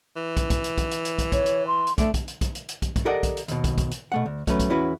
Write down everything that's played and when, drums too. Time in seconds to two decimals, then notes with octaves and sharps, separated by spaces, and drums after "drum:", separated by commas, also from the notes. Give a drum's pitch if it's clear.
0.16 E3
0.37 drum: kick, hi-hat
0.50 drum: kick, hi-hat
0.64 drum: hi-hat
0.78 drum: kick, hi-hat
0.91 drum: hi-hat
1.05 drum: hi-hat
1.19 drum: kick, hi-hat
1.32 C#5, drum: kick, hi-hat
1.46 drum: hi-hat
1.67 C6
1.87 drum: hi-hat
1.98 D3 A3, drum: kick, hi-hat
2.14 drum: kick, hi-hat
2.28 drum: hi-hat
2.41 drum: kick, hi-hat
2.55 drum: hi-hat
2.69 drum: hi-hat
2.82 drum: kick, hi-hat
2.96 drum: kick, hi-hat
3.05 G4 A4 A#4 D5 D#5 F#5
3.23 drum: kick, hi-hat
3.37 drum: hi-hat
3.48 D#2 B2, drum: hi-hat
3.64 drum: kick, hi-hat
3.78 drum: kick, hi-hat
3.91 drum: hi-hat
4.12 B2 A3 F#5
4.26 D2
4.47 F#3 A3 C#4 B4, drum: kick, hi-hat
4.60 drum: kick, hi-hat
4.70 E2 C#4 E4 F#4 B4